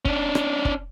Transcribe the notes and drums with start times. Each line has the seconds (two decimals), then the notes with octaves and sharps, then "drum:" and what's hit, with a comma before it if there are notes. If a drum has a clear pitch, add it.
0.05 C#4 D4, drum: kick
0.35 drum: rim click
0.65 drum: kick